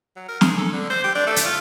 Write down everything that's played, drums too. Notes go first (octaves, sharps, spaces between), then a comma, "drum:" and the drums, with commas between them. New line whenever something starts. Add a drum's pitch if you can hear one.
F#3
A#4
G#4, drum: snare
A4
D3
C5
G4
D4
A3
drum: hi-hat
F4